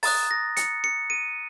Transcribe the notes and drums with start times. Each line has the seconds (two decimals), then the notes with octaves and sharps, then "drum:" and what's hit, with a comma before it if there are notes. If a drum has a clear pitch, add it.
0.03 A#5 D#6 F#6 A6, drum: open hi-hat
0.31 A#6
0.57 C#7, drum: hi-hat
0.84 C#7
1.10 D#7